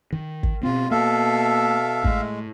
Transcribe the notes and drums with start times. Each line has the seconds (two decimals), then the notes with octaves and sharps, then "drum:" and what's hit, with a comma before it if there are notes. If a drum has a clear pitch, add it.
0.12 D#3
0.43 drum: kick
0.63 B2 C4 F4
0.91 B2 A#3 A4 E5 F5
2.04 A2 G#3, drum: kick